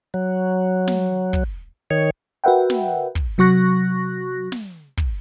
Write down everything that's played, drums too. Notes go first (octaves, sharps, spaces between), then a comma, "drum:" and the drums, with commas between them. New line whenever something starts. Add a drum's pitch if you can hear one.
F#3
drum: snare
drum: kick
D#3 C#5
F#4 A#4 B4 E5 F#5 G5
drum: snare
drum: kick
C3 F#3 F#4 C#6 F#6 A#6
drum: snare
drum: kick